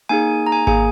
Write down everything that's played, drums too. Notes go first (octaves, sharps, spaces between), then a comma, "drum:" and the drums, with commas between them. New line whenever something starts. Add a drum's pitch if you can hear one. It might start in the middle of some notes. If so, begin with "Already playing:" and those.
A#3 D#4 G#4 G#5
A#5
G#5
A#3 G#4 G#5, drum: kick G#1